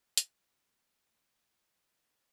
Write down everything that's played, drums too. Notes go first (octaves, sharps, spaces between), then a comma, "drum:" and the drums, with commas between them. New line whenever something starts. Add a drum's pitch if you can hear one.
G2 F3 C4, drum: hi-hat
C3 A#3 G4
A3 C#4
G3 D4 C#5
D#4 A#4 B4